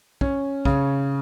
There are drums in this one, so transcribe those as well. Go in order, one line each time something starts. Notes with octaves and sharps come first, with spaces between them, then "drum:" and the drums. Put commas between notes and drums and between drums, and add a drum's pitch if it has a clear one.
C#4, drum: kick
C#3, drum: kick